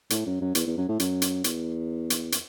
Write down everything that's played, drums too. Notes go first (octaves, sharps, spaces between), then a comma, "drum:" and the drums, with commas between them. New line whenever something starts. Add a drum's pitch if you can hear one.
A2, drum: hi-hat
F#2
F#2
E2, drum: hi-hat
E2
F#2
A2
F#2, drum: hi-hat
drum: hi-hat
E2, drum: hi-hat
drum: hi-hat
drum: hi-hat